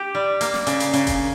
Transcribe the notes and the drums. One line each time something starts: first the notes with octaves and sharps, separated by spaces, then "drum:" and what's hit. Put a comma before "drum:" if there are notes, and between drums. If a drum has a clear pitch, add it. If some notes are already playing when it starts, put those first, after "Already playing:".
Already playing: G4
G3
A#3, drum: hi-hat
drum: snare
C#3, drum: hi-hat
drum: hi-hat
C#3, drum: hi-hat
drum: kick F1, hi-hat